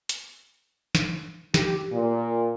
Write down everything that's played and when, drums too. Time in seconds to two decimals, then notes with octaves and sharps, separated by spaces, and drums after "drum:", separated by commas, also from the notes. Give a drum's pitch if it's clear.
0.09 drum: hi-hat
0.95 drum: snare
1.54 G4, drum: snare
1.92 A#2